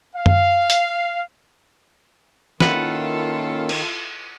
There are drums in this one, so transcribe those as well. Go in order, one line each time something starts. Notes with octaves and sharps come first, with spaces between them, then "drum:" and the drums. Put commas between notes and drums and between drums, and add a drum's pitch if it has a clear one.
F5
drum: tom F#2
drum: hi-hat
D#3 A#3 C#4 E4 F4 A4 B4 F#5, drum: snare
drum: cymbal